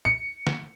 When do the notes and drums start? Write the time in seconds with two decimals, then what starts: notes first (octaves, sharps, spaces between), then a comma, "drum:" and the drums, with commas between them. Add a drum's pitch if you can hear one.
0.05 C#7
0.47 drum: snare